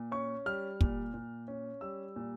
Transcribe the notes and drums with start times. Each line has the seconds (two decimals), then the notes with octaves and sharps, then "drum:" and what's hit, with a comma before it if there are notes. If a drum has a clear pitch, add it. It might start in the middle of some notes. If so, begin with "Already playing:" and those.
Already playing: A#2
0.12 C#4 C#6
0.46 G3 F6
0.81 A#2, drum: kick
1.14 A#2
1.48 C#4
1.81 G3 E6
2.16 A#2